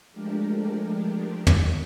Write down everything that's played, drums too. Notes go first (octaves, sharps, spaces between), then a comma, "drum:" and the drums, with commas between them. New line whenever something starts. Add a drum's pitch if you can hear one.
F3 G#3 A3 D4 G4 A#4
drum: tom